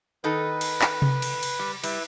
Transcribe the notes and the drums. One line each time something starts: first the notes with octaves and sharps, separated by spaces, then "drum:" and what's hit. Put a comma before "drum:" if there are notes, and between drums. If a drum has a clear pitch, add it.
D#3 D#4 A4 B4
drum: cymbal
drum: clap
drum: tom C3
drum: cymbal
drum: cymbal
G3
G3 E4 B4, drum: cymbal